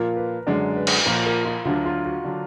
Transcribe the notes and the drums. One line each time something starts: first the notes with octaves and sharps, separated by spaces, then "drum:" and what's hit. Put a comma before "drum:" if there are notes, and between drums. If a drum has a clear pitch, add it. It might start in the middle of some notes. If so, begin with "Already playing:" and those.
Already playing: A#2 F3 A#3 F4 A#4
B4
F#2 D3 G#3 D5
B4
drum: cymbal
A#2 F3 A#3 A#4
A#4
F4
D2 D3 F#3 D4 F4
F4
F#4
D3 F#3 D4